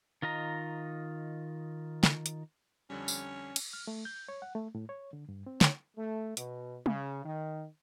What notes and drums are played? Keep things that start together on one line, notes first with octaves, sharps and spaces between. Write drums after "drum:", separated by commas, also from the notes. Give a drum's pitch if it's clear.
D#3 F4 D#5 A#5
drum: snare
drum: hi-hat
F2 D3 G3 C#4
drum: tambourine
drum: cymbal
F6
A3
G6
C#5
F#5
A3
A2
C#5
D3
G2
C4
C#5, drum: snare
A3
B2, drum: hi-hat
C#3, drum: tom
D#3